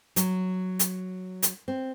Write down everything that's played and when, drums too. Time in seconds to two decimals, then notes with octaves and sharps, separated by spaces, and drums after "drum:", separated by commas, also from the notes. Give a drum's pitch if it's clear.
0.16 F#3, drum: hi-hat
0.79 drum: hi-hat
1.43 drum: hi-hat
1.68 C4